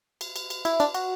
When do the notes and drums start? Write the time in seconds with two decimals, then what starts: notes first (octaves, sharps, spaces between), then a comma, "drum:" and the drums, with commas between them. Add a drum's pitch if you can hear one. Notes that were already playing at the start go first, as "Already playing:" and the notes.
0.21 drum: cymbal
0.36 drum: cymbal
0.50 drum: cymbal
0.65 E4, drum: cymbal
0.80 D4, drum: cymbal
0.94 F#4, drum: cymbal